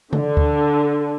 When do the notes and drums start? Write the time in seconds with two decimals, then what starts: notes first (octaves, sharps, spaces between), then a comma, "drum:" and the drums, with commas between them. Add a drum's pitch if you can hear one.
0.13 D3, drum: tom C#3
0.37 drum: kick D2